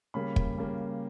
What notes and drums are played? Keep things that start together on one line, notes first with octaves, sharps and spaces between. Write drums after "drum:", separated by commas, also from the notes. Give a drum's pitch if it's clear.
C#3 G3 A#3 B5
drum: kick
C#3 G3 A#3